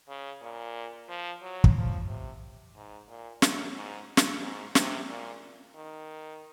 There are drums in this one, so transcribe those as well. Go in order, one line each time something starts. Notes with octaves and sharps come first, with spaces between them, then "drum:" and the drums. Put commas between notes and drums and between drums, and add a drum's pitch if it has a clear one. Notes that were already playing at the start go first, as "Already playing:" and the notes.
C#3
A#2
F3
F#3
drum: kick
F3
C3
G#2
A#2
F#2, drum: snare
G#2
drum: snare
G#2
C3, drum: snare
A#2
D#3